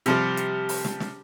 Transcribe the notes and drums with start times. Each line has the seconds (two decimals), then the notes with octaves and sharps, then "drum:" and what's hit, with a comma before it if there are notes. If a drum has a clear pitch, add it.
0.06 C3 F3 G3, drum: hi-hat
0.37 drum: hi-hat
0.69 drum: open hi-hat
0.85 drum: snare
1.00 drum: snare